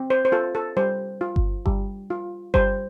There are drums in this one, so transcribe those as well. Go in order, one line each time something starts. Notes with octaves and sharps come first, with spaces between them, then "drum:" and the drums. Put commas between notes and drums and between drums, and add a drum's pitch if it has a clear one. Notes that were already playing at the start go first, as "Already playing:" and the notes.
Already playing: C4
C5
C5
F4 A4
A4
G3 C5
F4
drum: kick G1
G3, drum: kick G1
F4
G3 C5, drum: kick G1